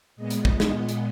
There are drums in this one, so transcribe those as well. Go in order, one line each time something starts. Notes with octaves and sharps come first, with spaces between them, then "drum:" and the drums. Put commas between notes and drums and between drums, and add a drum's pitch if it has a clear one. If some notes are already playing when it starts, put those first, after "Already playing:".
A#2 G#3 B3 D#5
drum: hi-hat
drum: kick
D#5, drum: snare
drum: hi-hat